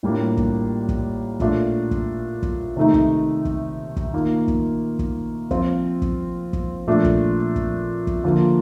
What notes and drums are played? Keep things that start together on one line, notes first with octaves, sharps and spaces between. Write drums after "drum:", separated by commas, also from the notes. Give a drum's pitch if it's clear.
A2 G3 A#3 D4 F4
drum: kick
drum: kick
A#2 A3 D4 F4, drum: kick
drum: kick
drum: kick
C3 D#3 A3 D#4
drum: kick
drum: kick
drum: kick
D#3 A#3 F4
drum: kick
drum: kick
F3 C4 F4, drum: kick
drum: kick
drum: kick
A#2 F3 A3 D4
drum: kick
drum: kick
drum: kick
D3 F3 A#3 F4